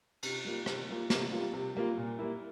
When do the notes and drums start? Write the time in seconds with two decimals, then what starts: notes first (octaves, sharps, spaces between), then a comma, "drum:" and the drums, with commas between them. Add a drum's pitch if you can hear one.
0.23 C3, drum: cymbal
0.45 G3 A#3 F4
0.66 C3, drum: rim click
0.89 G3 A#3 F4
1.10 C3, drum: snare
1.32 G3 A#3 F4
1.53 C3
1.75 G3 A#3 F4
1.97 A#2
2.19 G3 A#3 E4